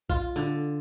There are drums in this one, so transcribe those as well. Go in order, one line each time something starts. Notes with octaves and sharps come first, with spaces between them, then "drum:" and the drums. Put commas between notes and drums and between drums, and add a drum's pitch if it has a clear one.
F4, drum: kick B1
D3